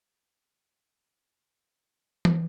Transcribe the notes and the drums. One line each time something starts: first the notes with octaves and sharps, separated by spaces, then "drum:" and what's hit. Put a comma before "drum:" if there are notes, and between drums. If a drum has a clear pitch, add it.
F#1 A2 E3 E4 C5 F5
D7
A#3 E6
E2 G#2 A4 E7
drum: tom E3